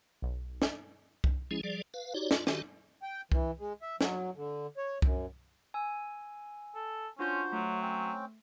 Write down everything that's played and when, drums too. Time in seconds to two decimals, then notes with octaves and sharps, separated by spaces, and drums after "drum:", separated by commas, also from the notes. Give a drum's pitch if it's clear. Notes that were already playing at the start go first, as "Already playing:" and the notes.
0.22 B1
0.62 drum: snare
1.24 drum: kick C2
1.51 F3 G#3 C#4 E4 G#4
1.63 F3 G3 G#4 D5
1.94 B4 F5
2.15 D#4 F#4 G4 C#5 D5
2.31 D4 F4, drum: snare
2.47 D#3 F#4 G4 A4 A5, drum: snare
3.03 G5
3.32 E3, drum: kick C2
3.59 G#3
3.82 E5
4.01 F#3, drum: snare
4.36 D3
4.77 C#5
5.02 F#2, drum: kick C2
5.74 G#5 E6
6.75 A4
7.19 C#4 D4 F4 F#4 C5 G6
7.52 F#3 A3
7.82 C4 C#4 G5